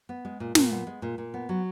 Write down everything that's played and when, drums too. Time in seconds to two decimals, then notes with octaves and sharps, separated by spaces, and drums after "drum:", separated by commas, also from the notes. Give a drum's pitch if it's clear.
0.09 B3
0.25 G#3
0.40 A#2
0.55 A#2, drum: snare
0.71 B3
0.87 G#3
1.02 A#2
1.18 A#2
1.34 B3
1.49 F#3